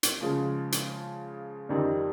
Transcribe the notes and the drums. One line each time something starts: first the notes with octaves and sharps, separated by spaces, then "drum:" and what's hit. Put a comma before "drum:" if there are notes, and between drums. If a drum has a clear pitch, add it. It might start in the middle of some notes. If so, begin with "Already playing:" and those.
drum: hi-hat
C#3 F3 G#3
drum: hi-hat
F2 D#3 G3 C4 D#4